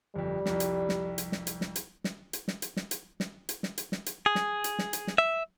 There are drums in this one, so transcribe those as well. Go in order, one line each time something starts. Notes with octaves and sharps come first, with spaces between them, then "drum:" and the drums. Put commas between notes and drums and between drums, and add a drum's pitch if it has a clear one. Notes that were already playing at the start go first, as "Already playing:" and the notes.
G1 F2 G3
C2 F2, drum: snare
drum: hi-hat
drum: snare
drum: hi-hat
drum: snare
drum: hi-hat
drum: snare
drum: hi-hat
drum: snare
drum: hi-hat
drum: snare
drum: hi-hat
drum: snare
drum: hi-hat
drum: snare
drum: hi-hat
drum: snare
drum: hi-hat
drum: snare
drum: hi-hat
G#4
drum: snare
drum: hi-hat
drum: snare
drum: hi-hat
drum: snare
E5